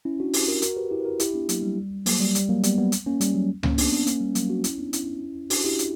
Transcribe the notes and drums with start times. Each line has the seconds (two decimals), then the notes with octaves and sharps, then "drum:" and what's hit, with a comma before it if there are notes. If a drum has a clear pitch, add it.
0.05 C#4 E4
0.20 D4 F#4
0.33 E4 G4, drum: open hi-hat
0.48 F#4 A#4
0.62 F#4 A#4, drum: hi-hat
0.77 G4 B4
0.91 E4 G4
1.00 B4
1.05 F#4 A#4
1.20 E4 G4, drum: hi-hat
1.34 B3 D4
1.49 F#3 A#3, drum: hi-hat
1.62 G3
2.06 F#3 A#3, drum: open hi-hat
2.20 G3
2.35 G3, drum: hi-hat
2.49 F#3 A#3
2.63 G3 B3, drum: hi-hat
2.78 G3 B3
2.92 drum: hi-hat
3.06 A#3 C#4
3.21 G3, drum: hi-hat
3.35 F#3
3.63 A#3 C#4, drum: tom C#2
3.78 B3 D4, drum: open hi-hat
3.92 B3 D4
4.07 A#3 C#4, drum: hi-hat
4.21 G3
4.30 B3
4.35 F#3 A#3, drum: hi-hat
4.49 D4 F#4
4.64 C#4 E4, drum: hi-hat
4.78 B3 D4
4.93 C#4 E4, drum: hi-hat
5.50 D4 F#4, drum: open hi-hat
5.64 E4 G4
5.79 drum: hi-hat